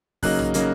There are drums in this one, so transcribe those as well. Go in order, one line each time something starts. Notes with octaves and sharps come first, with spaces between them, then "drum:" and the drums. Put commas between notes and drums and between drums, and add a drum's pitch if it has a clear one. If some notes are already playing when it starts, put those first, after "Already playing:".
C#3 F#3 A#3 D#4 F#6, drum: kick, open hi-hat
drum: tom
C#3 F#3 A#3 D#4, drum: hi-hat